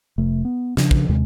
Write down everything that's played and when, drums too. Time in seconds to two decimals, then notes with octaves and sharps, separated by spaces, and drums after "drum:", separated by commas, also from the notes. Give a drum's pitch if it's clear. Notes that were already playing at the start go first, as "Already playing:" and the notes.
0.18 F1 C3 A3
0.45 B3
0.77 C#3 F3 D4, drum: snare
0.91 drum: kick
1.09 D#2 C3 G#3